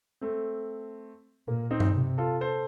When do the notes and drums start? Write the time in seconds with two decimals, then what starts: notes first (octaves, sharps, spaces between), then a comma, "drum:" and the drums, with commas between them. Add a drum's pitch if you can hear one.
0.21 A3 C4
1.48 A#2 A#3
1.71 C4 D#4
1.80 drum: tom G2
1.95 C3
2.18 F4 A4
2.41 A4 C5